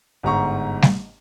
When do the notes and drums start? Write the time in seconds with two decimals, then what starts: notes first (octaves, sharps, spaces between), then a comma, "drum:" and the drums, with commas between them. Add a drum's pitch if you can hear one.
0.23 G1 G#2 A#5 C#6
0.82 drum: snare G3